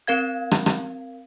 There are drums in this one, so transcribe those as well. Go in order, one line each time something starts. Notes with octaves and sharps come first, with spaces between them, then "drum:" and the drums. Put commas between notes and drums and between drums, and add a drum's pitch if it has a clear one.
C4 A#4 F5 G#6
drum: rim click
drum: rim click